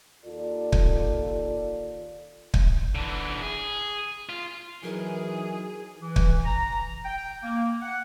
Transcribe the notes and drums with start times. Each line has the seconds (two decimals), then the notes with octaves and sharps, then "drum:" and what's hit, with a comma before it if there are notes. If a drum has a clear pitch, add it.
0.25 D#2 F4 A4 D5
0.72 drum: kick
2.54 drum: kick
2.95 D3 E3
3.42 G#4
4.29 F4
4.83 E3 F#3 D#4 G#4 A#4
6.02 E3
6.16 drum: kick
6.45 A#5
7.05 G5
7.43 A#3
7.82 F#5